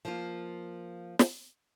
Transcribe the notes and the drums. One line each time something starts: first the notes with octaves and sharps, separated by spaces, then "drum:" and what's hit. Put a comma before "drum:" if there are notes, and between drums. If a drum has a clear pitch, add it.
F3 A#3 F4
drum: snare